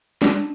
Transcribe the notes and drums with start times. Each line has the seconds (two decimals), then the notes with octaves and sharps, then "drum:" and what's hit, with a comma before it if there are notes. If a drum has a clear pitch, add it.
0.22 D4, drum: snare